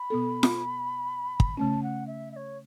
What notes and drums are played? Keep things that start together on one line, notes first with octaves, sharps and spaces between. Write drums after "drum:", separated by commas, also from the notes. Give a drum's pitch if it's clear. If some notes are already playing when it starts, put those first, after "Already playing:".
Already playing: B5
B2 B3 A4
drum: snare F4
drum: kick
C#3 A3 C#4 A5
F#5
E5
E5
C#5